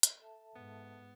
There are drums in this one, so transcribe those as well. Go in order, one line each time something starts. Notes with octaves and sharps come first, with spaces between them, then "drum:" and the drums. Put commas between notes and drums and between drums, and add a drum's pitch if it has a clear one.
drum: hi-hat
A4 E5 A5
G#2 B3